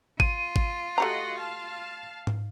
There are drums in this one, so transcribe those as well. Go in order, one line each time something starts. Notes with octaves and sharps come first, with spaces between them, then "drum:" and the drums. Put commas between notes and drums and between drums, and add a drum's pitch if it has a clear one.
F4 D#7, drum: kick G#1
drum: kick G#1
A3 F#4 G4 D#5 F#5 A#5
F5 A5
drum: tom G#2